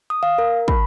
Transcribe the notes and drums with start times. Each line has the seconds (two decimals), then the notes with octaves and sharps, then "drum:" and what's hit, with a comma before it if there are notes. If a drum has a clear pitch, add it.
0.10 D#6
0.23 F5
0.38 A#4
0.68 B5, drum: kick